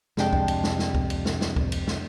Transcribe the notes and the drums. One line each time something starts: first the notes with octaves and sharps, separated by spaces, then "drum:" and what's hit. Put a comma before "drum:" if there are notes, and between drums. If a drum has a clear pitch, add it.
F2 C3 G#3 D4 G5 A5, drum: snare
drum: kick C#2
drum: cymbal
drum: snare
drum: snare
drum: kick C#2
drum: cymbal
drum: snare
drum: snare
drum: kick C#2
drum: cymbal
drum: snare